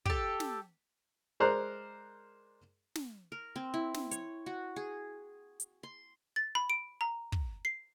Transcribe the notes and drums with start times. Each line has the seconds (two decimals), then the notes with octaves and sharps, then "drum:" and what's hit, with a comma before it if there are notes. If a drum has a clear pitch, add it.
0.06 G4 A4, drum: kick
0.40 drum: snare
1.40 G#3 A#4 C5 D5 A#5 F#6
2.95 drum: snare
3.32 A#4
3.56 C4
3.74 E4
3.94 drum: snare
4.11 C#5, drum: hi-hat
4.46 F#4
4.76 G#4
5.60 drum: hi-hat
5.83 C6
6.36 A6
6.55 B5
6.70 D7
7.01 A#5
7.32 drum: kick
7.65 C7